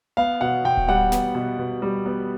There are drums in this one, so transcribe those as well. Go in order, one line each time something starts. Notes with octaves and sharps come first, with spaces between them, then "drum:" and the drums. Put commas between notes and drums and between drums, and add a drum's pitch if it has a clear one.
B3 F5
B2 F#5
B2 G5
drum: kick D1
G3 F#5
B3, drum: snare
B2
B2
G3
B3